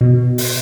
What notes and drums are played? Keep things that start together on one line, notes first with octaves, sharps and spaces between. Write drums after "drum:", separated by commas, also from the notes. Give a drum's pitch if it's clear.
B2
drum: open hi-hat